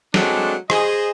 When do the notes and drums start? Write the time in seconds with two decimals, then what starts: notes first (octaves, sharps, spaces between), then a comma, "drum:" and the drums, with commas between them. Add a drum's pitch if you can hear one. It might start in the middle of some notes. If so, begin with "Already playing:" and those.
0.14 F#3 G#3 A3 C4 D4, drum: snare
0.70 G#4 C5 D#5, drum: rim click